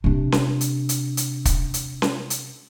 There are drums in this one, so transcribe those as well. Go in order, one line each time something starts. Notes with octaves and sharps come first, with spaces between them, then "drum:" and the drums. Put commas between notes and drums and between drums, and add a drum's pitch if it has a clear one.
C3 D4
drum: snare C#4
drum: hi-hat
drum: hi-hat
drum: hi-hat
drum: kick, hi-hat
drum: hi-hat
drum: snare C#4
drum: hi-hat